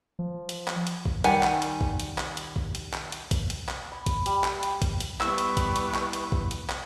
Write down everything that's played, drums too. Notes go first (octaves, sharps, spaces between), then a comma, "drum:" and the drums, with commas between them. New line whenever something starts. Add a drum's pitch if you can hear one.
F3
drum: hi-hat
drum: clap
drum: hi-hat
drum: kick
D#3 G3 F#5 G#5, drum: hi-hat
drum: clap
drum: hi-hat
drum: kick
drum: hi-hat
drum: clap
drum: hi-hat
drum: kick
drum: hi-hat
drum: clap
drum: hi-hat
drum: kick, hi-hat
drum: hi-hat
drum: clap
B5
drum: kick, hi-hat
G3, drum: hi-hat
drum: clap
drum: hi-hat
drum: kick, hi-hat
drum: hi-hat
G3 B3 E4 C#6 E6, drum: clap
drum: hi-hat
drum: kick, hi-hat
drum: hi-hat
drum: clap
drum: hi-hat
drum: kick
drum: hi-hat
drum: clap